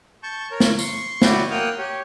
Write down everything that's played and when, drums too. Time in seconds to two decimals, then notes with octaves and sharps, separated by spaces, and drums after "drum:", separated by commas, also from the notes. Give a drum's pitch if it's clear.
0.23 A5 C#6 G6
0.51 A#4 C#5
0.60 drum: snare
0.79 C6 C#6, drum: tambourine
1.22 E4 F#4 G4 B4 C#5 D5, drum: snare
1.51 A#3 F#5 G5 D#6 F6
1.78 G4 C#5